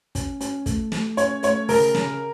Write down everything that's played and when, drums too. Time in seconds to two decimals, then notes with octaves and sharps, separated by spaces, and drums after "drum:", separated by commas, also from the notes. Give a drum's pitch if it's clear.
0.15 C#4, drum: kick, hi-hat
0.41 C#4, drum: hi-hat
0.66 A3, drum: kick, hi-hat
0.92 A3, drum: snare
1.17 C#4 C#5, drum: hi-hat
1.43 A3 C#5, drum: hi-hat
1.69 C#3 A#4, drum: open hi-hat
1.94 C#3, drum: snare